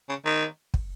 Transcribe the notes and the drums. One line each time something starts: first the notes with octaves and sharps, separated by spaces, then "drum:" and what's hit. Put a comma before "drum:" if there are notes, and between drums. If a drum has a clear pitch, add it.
C#3
D#3
drum: kick